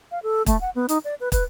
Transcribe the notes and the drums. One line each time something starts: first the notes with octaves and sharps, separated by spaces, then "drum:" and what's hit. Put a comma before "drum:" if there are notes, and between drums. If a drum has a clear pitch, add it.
F5
A4
A3, drum: kick, hi-hat
F#5
B3
D#4, drum: hi-hat
D5
B4
B4, drum: kick, hi-hat